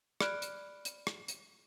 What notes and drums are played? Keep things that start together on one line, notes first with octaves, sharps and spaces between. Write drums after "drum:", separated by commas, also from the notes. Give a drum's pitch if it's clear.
D5 B5 F6 F#6 D7, drum: rim click
drum: hi-hat
drum: hi-hat
drum: rim click
drum: hi-hat